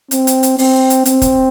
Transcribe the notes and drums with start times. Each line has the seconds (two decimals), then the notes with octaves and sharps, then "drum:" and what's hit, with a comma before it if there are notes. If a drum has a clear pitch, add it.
0.11 C4, drum: hi-hat
0.27 drum: hi-hat
0.43 drum: hi-hat
0.58 C4, drum: open hi-hat
0.90 drum: hi-hat
1.05 C4, drum: hi-hat
1.22 drum: kick, hi-hat